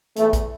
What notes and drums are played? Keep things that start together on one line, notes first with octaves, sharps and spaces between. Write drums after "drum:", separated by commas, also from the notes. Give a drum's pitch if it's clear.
E2 E3 A3, drum: hi-hat
drum: kick, hi-hat